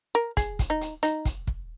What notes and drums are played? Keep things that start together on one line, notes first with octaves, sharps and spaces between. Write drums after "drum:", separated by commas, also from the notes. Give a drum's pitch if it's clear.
A#4
G#4, drum: kick, hi-hat
drum: kick, hi-hat
D#4
drum: hi-hat
D#4, drum: hi-hat
drum: kick, hi-hat
drum: kick